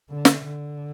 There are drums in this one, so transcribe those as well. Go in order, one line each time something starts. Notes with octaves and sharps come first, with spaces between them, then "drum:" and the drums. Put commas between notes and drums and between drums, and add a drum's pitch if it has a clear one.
D3
drum: snare
D3